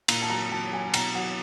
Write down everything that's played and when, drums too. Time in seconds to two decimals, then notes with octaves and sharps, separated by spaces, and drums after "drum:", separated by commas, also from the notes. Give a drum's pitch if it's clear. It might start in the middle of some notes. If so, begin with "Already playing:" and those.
0.08 A#2 A#5, drum: cymbal
0.22 A5
0.30 F#3 A#5
0.51 F#3 A5
0.72 F#3 G#5
0.94 B2 A#5, drum: cymbal
1.15 F#3 F#5